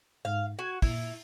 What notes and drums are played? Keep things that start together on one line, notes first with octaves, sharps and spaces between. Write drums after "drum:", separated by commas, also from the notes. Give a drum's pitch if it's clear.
G#2 F5
F#4 G#6
A#2 E4, drum: kick, open hi-hat